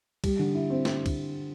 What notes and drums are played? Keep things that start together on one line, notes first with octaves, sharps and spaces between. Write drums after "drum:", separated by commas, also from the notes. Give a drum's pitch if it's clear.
G3, drum: kick, cymbal
D3
E4
C4
drum: snare
drum: kick, cymbal